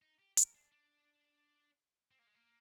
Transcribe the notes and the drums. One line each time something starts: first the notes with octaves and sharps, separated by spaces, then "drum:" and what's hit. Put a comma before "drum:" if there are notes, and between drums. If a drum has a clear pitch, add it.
D#4
G4
A#4, drum: hi-hat
D4
D4
C4
A#3
G#3
A#3